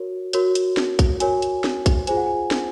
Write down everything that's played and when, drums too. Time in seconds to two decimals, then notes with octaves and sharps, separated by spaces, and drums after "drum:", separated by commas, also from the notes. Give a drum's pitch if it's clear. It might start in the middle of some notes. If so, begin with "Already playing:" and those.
Already playing: F#4 A#4 C#5
0.33 F#4 A#4 C#5, drum: hi-hat
0.55 drum: hi-hat
0.77 drum: snare
0.99 drum: kick, hi-hat
1.20 F#4 A#4 C#5 G#5, drum: hi-hat
1.42 drum: hi-hat
1.64 drum: snare
1.86 drum: kick, hi-hat
2.07 F4 G#4 C5 G#5, drum: hi-hat
2.17 F#5
2.26 G#5
2.51 drum: snare